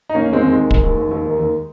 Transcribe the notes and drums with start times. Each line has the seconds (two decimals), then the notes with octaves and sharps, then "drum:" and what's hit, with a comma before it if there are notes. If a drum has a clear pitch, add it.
0.09 D#4
0.15 D#3 A#3 C#4
0.29 D#2 G#3 C4
0.43 D#2
0.51 D#3 G#3
0.71 D#3, drum: kick
0.84 D#2
0.97 D#2
1.11 D#2
1.26 D#3
1.39 D#2